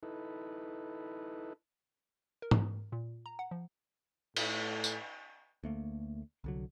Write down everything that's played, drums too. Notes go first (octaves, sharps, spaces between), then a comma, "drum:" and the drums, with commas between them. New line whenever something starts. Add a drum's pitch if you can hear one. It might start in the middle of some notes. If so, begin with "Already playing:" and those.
D#4 E4 A4 B4
A#4
drum: tom G#2
A#2
A#5
F#5
F3
A2 A3, drum: cymbal
drum: tambourine
D2 A3 A#3
C2 D3 F#3